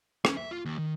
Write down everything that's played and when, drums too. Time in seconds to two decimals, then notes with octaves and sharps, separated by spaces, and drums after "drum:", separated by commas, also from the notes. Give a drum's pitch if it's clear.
0.25 C#4, drum: rim click
0.37 E5
0.51 F4
0.65 D#2
0.78 D#3